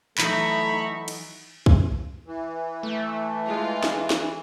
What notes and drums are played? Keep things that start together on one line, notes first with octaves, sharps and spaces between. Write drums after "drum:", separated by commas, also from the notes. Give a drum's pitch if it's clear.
E3 F#3 A3 D#4 E5 A#5 B5 C#6, drum: clap
drum: cymbal
drum: kick
E3
A3
G#3 F4
drum: snare
drum: snare